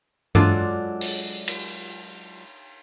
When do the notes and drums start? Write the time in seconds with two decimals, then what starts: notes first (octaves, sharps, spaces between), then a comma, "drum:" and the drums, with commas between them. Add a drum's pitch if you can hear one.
0.35 F#3 G#3 D4 F4 A4 D5, drum: tom G2
1.01 drum: open hi-hat
1.48 drum: cymbal